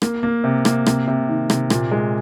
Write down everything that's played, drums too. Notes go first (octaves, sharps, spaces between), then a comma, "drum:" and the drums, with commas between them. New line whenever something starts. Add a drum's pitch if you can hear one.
A#3, drum: rim click
A#3
C3
A#3, drum: rim click
C3, drum: rim click
C3
D#3
C3, drum: rim click
A#2, drum: rim click
G#3